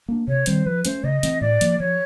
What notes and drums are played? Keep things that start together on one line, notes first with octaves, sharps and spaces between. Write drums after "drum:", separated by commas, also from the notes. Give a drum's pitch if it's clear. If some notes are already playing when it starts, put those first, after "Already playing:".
A#3 D4
C3 C#5
D#3 G3 C4 C5, drum: hi-hat
F3 B4
A3 C#4 C5, drum: hi-hat
C#3 D#5
E3 A3 C4, drum: hi-hat
A2 D5
F3 A#3, drum: hi-hat
F3 C#5